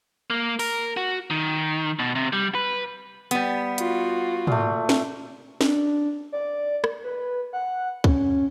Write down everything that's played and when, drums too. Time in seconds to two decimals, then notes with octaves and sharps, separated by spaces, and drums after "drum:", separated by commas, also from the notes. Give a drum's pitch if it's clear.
0.30 A#3
0.59 A#4, drum: open hi-hat
0.97 F#4
1.30 D#3
1.99 B2
2.15 C3
2.33 G3
2.55 B4
3.31 G3 B3, drum: hi-hat
3.78 F4 F#4, drum: hi-hat
4.47 A#2 A3, drum: tom
4.89 drum: snare
5.61 D4, drum: snare
6.32 D5
6.84 drum: rim click
7.04 B4
7.53 F#5
8.04 C#4, drum: kick C#2